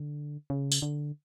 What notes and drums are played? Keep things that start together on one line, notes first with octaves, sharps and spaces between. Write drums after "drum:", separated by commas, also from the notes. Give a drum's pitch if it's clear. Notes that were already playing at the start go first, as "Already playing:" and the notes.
Already playing: D3
C#3
drum: tambourine
D3